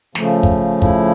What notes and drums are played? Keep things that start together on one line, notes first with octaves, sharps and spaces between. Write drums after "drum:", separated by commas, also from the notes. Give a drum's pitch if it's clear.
C#3 F3 A3, drum: snare
drum: kick
E4, drum: kick